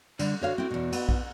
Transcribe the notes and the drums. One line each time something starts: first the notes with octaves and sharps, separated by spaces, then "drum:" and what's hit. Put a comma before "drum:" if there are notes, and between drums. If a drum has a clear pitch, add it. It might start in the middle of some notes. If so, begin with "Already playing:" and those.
D3 G3, drum: cymbal
D3 F#4 C#5 F5
C4 E4
E2 B2
B3, drum: cymbal
drum: kick A#1